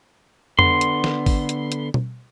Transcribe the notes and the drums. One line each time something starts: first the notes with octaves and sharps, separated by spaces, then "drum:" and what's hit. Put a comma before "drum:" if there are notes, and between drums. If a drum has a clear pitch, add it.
D3 B3 C6, drum: tom F2
drum: hi-hat
drum: snare
drum: kick G#1, open hi-hat
drum: hi-hat
drum: hi-hat
drum: tom B2